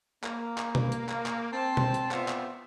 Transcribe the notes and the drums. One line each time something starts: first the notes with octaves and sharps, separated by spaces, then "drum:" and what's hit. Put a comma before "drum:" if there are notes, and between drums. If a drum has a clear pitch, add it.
A#3, drum: clap
drum: clap
drum: tom B2
drum: hi-hat
drum: clap
drum: clap
C4 C5 A5
drum: tom B2
drum: hi-hat
B3 C4 F4 C5 D5 E5, drum: clap
drum: clap